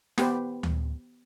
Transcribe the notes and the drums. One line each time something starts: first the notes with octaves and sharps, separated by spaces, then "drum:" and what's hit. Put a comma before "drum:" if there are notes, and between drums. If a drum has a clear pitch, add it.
B3 G4 B4 C5, drum: snare
drum: tom D2